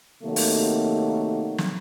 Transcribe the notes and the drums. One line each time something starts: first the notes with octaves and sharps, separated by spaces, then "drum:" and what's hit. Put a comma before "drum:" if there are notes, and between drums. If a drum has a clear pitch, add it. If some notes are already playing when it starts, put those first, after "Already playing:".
C3 D#3 F#3 A3 A#3
drum: open hi-hat
drum: snare